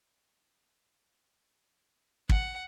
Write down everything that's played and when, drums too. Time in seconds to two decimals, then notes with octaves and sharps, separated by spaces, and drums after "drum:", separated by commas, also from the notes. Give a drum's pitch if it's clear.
2.29 F#5, drum: kick